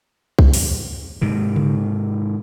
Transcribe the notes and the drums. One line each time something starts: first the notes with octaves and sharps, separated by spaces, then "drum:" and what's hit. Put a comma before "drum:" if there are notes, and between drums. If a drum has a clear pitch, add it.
drum: kick
drum: open hi-hat
G#2 C3 D#3
drum: tom C#3